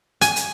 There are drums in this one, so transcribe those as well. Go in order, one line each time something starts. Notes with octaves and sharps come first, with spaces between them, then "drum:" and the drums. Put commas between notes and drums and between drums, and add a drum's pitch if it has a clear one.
G#5, drum: hi-hat
drum: hi-hat